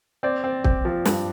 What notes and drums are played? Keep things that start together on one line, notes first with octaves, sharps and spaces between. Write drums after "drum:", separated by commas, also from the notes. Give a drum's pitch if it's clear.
C4 D5
C4
C4, drum: kick
F3
G2, drum: snare